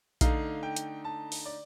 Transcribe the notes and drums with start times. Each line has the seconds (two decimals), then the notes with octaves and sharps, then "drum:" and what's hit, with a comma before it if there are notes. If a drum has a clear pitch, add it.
0.21 D3 A3 D#4 F5, drum: kick A#1, hi-hat
0.63 G5
0.76 drum: hi-hat
1.05 A5
1.32 drum: open hi-hat
1.45 D5